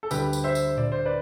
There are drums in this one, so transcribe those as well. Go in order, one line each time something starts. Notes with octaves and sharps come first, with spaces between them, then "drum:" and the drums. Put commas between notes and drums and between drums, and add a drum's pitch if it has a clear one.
A4
D2 D3 G3 G4 B4, drum: tambourine
drum: tambourine
C5 E5
drum: tambourine
D5, drum: tom A2
C5
B4 D5